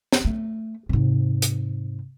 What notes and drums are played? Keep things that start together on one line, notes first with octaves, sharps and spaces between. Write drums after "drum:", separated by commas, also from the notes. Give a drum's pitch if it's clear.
drum: snare
A3
G#2 C3
drum: hi-hat